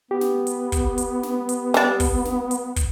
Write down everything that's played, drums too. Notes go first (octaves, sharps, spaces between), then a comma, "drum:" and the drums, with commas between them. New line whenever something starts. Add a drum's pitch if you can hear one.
B3 G4
drum: snare
drum: hi-hat
drum: kick, hi-hat
drum: hi-hat
drum: snare
drum: hi-hat
G3 D4, drum: snare
drum: kick, open hi-hat
drum: snare
drum: hi-hat
drum: kick, hi-hat